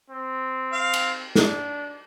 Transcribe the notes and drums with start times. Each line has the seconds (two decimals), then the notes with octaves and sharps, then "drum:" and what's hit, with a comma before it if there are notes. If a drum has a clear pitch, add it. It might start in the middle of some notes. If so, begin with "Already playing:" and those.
0.10 C4
0.73 F5
0.94 drum: cymbal
1.35 D4, drum: snare